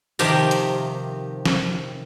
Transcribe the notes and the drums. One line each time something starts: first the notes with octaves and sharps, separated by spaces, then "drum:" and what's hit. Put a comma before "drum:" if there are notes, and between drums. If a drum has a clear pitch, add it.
C3 D#3 F3 G4 A#4, drum: tambourine
drum: hi-hat
drum: snare